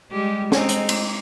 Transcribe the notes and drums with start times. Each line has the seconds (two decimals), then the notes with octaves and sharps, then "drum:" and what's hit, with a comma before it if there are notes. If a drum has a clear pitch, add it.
0.11 G3 G#3 G4
0.52 G#3 C4 D#4, drum: snare
0.69 drum: hi-hat
0.89 drum: cymbal